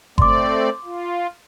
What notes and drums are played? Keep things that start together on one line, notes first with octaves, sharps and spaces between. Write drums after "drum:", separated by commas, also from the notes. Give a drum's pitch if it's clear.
A3 C4 D5 C6 D6, drum: kick G1
F4